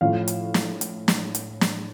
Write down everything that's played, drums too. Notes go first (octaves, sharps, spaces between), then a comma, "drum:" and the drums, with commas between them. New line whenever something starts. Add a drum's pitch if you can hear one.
A2 F3 C#4 F5
drum: hi-hat
drum: snare
drum: hi-hat
drum: snare
drum: hi-hat
drum: snare